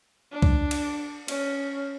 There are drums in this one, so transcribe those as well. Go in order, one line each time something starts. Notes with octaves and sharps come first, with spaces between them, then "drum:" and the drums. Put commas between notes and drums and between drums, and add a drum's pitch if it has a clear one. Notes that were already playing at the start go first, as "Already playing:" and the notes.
D4
drum: kick C2
drum: cymbal
C#4, drum: cymbal